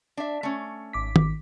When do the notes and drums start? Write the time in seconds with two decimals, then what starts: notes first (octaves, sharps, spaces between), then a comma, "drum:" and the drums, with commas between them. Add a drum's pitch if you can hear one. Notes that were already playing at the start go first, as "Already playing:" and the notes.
0.17 D4 E5
0.43 A3 C#4
0.93 G#1 D6 B6
1.16 drum: tom